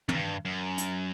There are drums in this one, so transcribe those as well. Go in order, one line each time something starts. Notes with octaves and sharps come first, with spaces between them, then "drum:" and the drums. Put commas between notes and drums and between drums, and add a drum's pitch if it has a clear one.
F#2, drum: tom
G2
F#2
drum: hi-hat